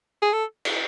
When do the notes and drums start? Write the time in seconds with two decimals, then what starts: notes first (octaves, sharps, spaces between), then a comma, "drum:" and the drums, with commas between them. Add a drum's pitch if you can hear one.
0.22 G#4
0.33 A4
0.65 drum: cymbal